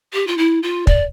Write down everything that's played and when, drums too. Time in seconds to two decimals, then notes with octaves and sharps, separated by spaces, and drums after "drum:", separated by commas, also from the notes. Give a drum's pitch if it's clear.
0.13 G4
0.27 F4
0.37 E4
0.63 F4
0.87 D5, drum: kick